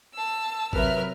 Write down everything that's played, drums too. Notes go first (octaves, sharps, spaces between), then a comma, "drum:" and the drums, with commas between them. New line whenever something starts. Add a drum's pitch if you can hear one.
A5 E6
C3 F#3 A#4 B4 E5 F6, drum: kick